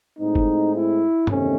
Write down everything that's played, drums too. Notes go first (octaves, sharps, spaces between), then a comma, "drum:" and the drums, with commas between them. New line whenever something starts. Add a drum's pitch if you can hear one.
A2 G#3 C4 D#4
drum: kick F#1
E4
E2 C3 D#3 A3 C#4, drum: tom G2